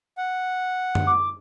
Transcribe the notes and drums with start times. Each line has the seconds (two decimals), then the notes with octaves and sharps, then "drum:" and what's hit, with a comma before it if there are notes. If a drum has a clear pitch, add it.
0.18 F#5
0.95 drum: tom F#2
1.07 D6